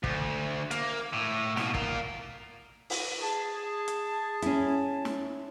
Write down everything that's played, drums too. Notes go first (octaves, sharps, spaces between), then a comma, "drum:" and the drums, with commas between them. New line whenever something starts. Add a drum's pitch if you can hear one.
D2, drum: kick
A#3, drum: hi-hat
A2
B2 A#3, drum: snare
F4 A#4, drum: kick
drum: open hi-hat
G#4 A5
drum: hi-hat
C#4 E4, drum: hi-hat
drum: snare